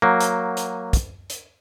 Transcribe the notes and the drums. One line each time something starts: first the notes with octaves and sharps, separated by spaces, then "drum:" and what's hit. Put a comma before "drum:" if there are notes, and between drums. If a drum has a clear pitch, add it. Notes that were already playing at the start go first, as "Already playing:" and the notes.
F#3 A#3
drum: hi-hat
drum: hi-hat
drum: kick, hi-hat
drum: hi-hat